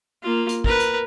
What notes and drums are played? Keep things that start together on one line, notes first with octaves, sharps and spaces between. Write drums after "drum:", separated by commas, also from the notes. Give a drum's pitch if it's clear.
A#3 F4
drum: hi-hat
A#4 B4, drum: kick
drum: hi-hat